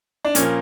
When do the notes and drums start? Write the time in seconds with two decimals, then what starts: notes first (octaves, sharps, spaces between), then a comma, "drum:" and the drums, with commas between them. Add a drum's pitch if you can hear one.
0.25 D4
0.35 A#2 F3 A#3 C#4, drum: hi-hat